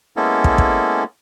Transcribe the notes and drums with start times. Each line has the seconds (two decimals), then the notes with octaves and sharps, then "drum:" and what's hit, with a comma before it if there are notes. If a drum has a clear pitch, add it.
0.16 G#3 A#3 B3 C#4 E4 A4
0.44 drum: kick
0.58 drum: kick